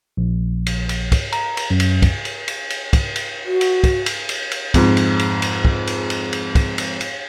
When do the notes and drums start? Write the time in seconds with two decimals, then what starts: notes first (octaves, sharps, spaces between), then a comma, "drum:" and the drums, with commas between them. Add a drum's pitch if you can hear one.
0.17 A#1
0.67 drum: cymbal
0.89 drum: cymbal
1.12 drum: kick, cymbal
1.33 A#5, drum: cymbal
1.57 drum: cymbal
1.70 F#2
1.80 drum: cymbal
2.02 drum: kick, cymbal
2.25 drum: cymbal
2.48 drum: cymbal
2.70 drum: cymbal
2.93 drum: kick, cymbal
3.16 drum: cymbal
3.46 F#4
3.61 drum: cymbal
3.84 drum: kick, cymbal
4.06 drum: cymbal
4.29 drum: cymbal
4.52 drum: cymbal
4.74 F2 G#2, drum: kick, cymbal
4.97 drum: cymbal
5.19 drum: cymbal
5.42 drum: cymbal
5.65 drum: kick
5.87 drum: cymbal
6.10 drum: cymbal
6.33 drum: cymbal
6.55 drum: kick, cymbal
6.78 drum: cymbal
7.01 drum: cymbal